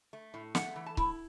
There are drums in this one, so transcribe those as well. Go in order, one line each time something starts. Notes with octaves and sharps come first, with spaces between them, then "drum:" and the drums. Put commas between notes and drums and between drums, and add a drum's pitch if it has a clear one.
A3
A2
A3 F#5, drum: snare
E3
A5
E4, drum: kick C#1